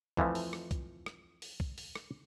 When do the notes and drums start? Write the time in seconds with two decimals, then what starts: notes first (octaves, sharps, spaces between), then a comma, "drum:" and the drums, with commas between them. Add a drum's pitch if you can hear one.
0.17 F2 E3 F3 A3, drum: kick B1
0.35 drum: open hi-hat
0.53 drum: rim click
0.71 drum: kick B1, hi-hat
1.06 drum: rim click
1.42 drum: open hi-hat
1.60 drum: kick B1
1.78 drum: open hi-hat
1.95 drum: rim click